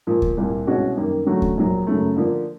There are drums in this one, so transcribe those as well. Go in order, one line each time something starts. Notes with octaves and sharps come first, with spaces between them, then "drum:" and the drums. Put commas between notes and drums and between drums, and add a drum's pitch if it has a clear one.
A#2 F3 A#3
drum: kick D2
C2 A#2 G3
C2 B2 G#3 C#4 F#4
F#2 D#3 G3 A#3
D3 F#3 A3 C#4 F#4
drum: kick D2
A#1 A#2 F#3
F#2 C#3 F#3 A3
D3 F3 A#3 D4